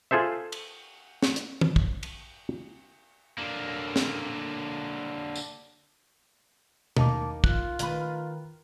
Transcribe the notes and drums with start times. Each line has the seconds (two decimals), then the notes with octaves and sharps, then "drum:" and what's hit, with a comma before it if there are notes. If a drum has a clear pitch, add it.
0.11 F4 G#4 A4 C5 E5
0.52 drum: cymbal
1.23 drum: snare
1.36 drum: hi-hat
1.61 drum: tom
1.76 drum: kick
2.03 drum: cymbal
3.38 D3 A#3
3.96 drum: snare
5.36 drum: tambourine
6.97 D#2 A#3 D#4 A5 D6, drum: tom
7.44 F4 F#6, drum: kick
7.79 D#3 B4, drum: hi-hat